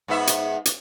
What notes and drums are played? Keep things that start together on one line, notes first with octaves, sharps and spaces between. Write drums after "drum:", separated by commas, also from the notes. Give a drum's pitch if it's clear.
G#2 B3 E5
drum: hi-hat
drum: hi-hat